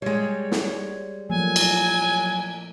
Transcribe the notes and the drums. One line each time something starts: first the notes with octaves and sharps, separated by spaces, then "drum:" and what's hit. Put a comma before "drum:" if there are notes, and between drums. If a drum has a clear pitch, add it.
G3 G#3 C#5
drum: snare
F3 F#3 A3 A#3 G#5
drum: cymbal